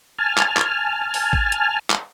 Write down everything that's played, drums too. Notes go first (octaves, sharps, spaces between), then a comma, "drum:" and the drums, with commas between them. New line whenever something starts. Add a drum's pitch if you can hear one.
G#5 A5 F6
drum: clap
drum: clap
drum: open hi-hat
drum: kick
drum: hi-hat
drum: clap